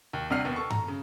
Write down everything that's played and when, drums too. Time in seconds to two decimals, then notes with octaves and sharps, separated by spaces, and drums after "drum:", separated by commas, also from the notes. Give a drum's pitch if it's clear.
0.13 D#2
0.30 A#1 C3 G3 F#5 F6 C7
0.45 D#2 B3
0.56 A4 C#6
0.70 A#5, drum: tom G2
0.88 C#3